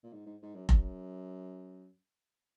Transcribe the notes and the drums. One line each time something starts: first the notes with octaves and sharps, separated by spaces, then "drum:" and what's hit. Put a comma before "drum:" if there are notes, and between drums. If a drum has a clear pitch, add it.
A#2
G#2
G#2
G#2
F#2
F#2, drum: kick F1